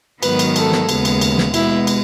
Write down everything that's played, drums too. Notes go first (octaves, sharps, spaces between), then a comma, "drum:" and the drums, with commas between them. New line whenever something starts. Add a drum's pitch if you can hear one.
G#2 D#3 F#3 B3 B4, drum: cymbal
drum: cymbal
A4, drum: cymbal
drum: snare
D#2 C#3 G#3 B3, drum: cymbal
drum: cymbal
drum: cymbal
drum: snare
B2 G#3 B3 E4, drum: cymbal
drum: cymbal